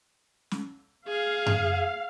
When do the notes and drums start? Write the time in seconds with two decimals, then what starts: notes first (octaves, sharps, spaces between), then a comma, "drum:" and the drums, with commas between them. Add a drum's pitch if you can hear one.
0.51 drum: snare
1.08 G#4 F5
1.46 drum: tom F#2